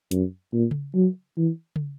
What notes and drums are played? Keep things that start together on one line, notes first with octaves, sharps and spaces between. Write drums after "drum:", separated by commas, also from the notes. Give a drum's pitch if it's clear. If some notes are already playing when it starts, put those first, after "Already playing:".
F#2, drum: hi-hat
A#2
drum: tom C#3
F#3
E3
drum: tom C#3